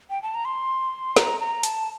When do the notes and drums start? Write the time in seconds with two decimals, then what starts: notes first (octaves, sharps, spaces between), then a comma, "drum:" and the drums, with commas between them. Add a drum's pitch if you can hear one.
0.10 G5
0.23 A5
0.34 A#5
0.45 C6
1.16 A#5, drum: snare
1.40 A#5
1.63 A5, drum: hi-hat